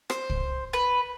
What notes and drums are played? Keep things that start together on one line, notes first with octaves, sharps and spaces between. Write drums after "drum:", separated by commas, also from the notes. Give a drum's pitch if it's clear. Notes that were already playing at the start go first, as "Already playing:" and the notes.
C5, drum: rim click
drum: kick
B4